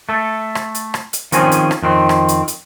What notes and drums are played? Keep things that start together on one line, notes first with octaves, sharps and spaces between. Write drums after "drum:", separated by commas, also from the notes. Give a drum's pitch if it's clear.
A3 A4
drum: rim click
drum: hi-hat
drum: rim click
drum: hi-hat
D#3 F3 C4 C#4 G#4, drum: hi-hat
drum: hi-hat
drum: rim click
F2 D#3 C4
drum: rim click
drum: hi-hat
drum: hi-hat